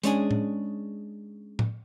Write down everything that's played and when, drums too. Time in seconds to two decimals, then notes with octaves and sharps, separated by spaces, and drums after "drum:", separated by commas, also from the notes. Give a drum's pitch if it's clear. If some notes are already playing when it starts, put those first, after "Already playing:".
0.04 G#3 C#4 D4 G#4, drum: hi-hat
0.31 drum: tom A2
1.59 drum: tom A2